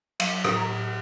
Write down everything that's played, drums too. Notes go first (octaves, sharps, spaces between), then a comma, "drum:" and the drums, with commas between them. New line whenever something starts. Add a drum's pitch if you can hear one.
F#3 F5, drum: cymbal
A2, drum: rim click
A#5
A2